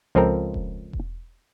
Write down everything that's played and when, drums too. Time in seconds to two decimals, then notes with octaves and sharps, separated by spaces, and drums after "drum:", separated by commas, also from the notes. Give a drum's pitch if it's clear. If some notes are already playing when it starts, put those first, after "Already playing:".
0.15 C#2 F3 C4 A4 A#4
0.54 drum: kick E1
0.93 drum: kick E1